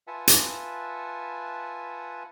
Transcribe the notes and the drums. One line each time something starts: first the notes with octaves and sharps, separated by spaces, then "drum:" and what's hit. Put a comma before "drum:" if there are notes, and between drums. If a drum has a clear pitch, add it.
F4 B4 E5 F#5 G#5 A5
drum: hi-hat